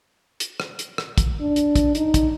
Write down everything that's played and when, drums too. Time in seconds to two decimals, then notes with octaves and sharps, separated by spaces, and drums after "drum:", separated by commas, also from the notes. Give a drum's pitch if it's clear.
0.40 drum: hi-hat
0.60 drum: rim click
0.79 drum: hi-hat
0.98 drum: rim click
1.18 drum: kick, hi-hat
1.41 D4
1.56 drum: hi-hat
1.75 drum: kick, hi-hat
1.95 D#4, drum: hi-hat
2.14 drum: kick, hi-hat